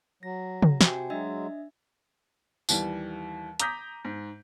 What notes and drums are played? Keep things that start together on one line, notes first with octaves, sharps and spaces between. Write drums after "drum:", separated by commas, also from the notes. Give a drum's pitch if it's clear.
F#3 A#6
drum: tom
C3 F#4 G5 G#5, drum: snare
F#3 G#3 D4 D#5 E5
D#2 E3 G3, drum: tambourine
A#5 D6 D#6 G6 A#6 B6, drum: hi-hat
G#2